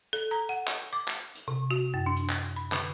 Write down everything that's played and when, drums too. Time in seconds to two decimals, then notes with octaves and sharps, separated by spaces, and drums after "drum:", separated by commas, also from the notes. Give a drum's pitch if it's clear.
0.13 A4
0.31 A#5
0.49 F#5
0.67 drum: clap
0.93 D6
1.08 drum: clap
1.35 drum: hi-hat
1.48 C3
1.71 F#4
1.94 F#2
2.06 D4
2.16 drum: hi-hat
2.29 drum: clap
2.43 drum: hi-hat
2.56 B5
2.72 D3, drum: clap